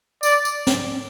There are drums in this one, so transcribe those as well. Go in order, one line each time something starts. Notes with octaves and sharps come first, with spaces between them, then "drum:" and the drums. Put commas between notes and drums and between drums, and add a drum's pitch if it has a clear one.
D5, drum: tambourine
drum: tambourine
drum: snare